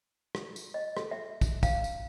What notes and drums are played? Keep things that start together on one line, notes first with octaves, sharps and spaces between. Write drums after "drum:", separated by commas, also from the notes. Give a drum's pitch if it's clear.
drum: rim click
drum: tambourine
D#5
A4, drum: rim click
E5
drum: kick, tambourine
F5, drum: kick, tambourine
drum: tambourine